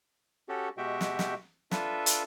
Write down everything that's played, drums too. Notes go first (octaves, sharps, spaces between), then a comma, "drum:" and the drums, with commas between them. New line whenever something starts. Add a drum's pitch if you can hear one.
C#4 F#4 G4 A4
B2 G#3 F#4 G4 E5 G5
drum: snare
drum: snare
D4 F4 A4 B4 E5, drum: snare
drum: hi-hat